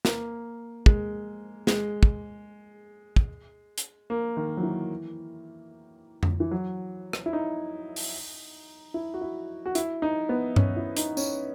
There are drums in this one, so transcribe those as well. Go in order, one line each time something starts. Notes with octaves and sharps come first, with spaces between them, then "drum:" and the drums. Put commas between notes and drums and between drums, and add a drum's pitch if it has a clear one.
A#3, drum: snare
G#3, drum: kick
G#3, drum: snare
drum: kick
drum: kick
drum: hi-hat
A#3
D#3
F#3
E3
drum: tom F2
E3
F#3
drum: rim click
E4
D#4
drum: open hi-hat
E4
F#4
E4
F#4
E4, drum: hi-hat
D#4
B3
C#4, drum: tom G2
E4
D#4, drum: hi-hat
C#4, drum: tambourine